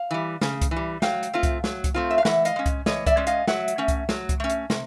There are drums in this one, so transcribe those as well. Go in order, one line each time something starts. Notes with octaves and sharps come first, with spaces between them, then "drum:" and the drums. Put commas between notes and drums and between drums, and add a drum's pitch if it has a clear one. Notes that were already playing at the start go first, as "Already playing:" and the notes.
Already playing: F5
E3 G3
C#3, drum: snare
drum: kick C2, hi-hat
E3
G3
F#3 F5 G5, drum: snare
drum: hi-hat
A3 C4 F4
drum: kick C2, hi-hat
F#3, drum: snare
drum: kick C2, hi-hat
A3 C4 F4
E5
F5
E3 E5 F#5, drum: snare
D#5 F5, drum: hi-hat
G#3 C#4
drum: kick C2, hi-hat
E3 C#5 D#5, drum: snare
D5 E5, drum: kick C2, hi-hat
G#3 C#4
D#5 F5, drum: hi-hat
F#3 E5 F#5, drum: snare
drum: hi-hat
A3 C#4
drum: kick C2, hi-hat
F#3, drum: snare
drum: kick C2, hi-hat
A3 C#4
drum: hi-hat
C3, drum: snare